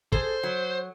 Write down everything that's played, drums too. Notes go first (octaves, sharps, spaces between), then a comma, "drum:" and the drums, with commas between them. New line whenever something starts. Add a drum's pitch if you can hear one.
G#4 A4 C5, drum: kick
F#3